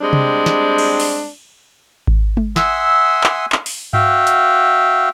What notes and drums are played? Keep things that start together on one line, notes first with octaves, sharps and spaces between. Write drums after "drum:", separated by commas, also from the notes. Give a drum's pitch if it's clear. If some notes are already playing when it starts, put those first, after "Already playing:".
G3 G#3 C4 D4
drum: tom C3
drum: snare
drum: cymbal
drum: open hi-hat
drum: kick G#1
drum: tom G#3
E5 F#5 G#5 C6 D#6 E6, drum: snare
drum: clap
drum: clap
drum: open hi-hat
F#4 E5 F5 G5, drum: tom G2
drum: hi-hat